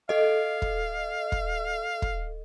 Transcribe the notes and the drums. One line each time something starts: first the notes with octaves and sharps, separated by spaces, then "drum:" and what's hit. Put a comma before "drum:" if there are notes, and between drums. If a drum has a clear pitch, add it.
A4 D#5 F5
drum: kick
drum: kick
drum: kick